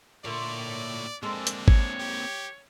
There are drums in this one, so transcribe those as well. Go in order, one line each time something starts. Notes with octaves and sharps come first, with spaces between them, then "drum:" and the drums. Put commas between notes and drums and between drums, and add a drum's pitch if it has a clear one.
A#2 D3 E4 C#5 D5
G#3 A#3 C4 D4 A4
drum: hi-hat
C#5, drum: kick G#1
G4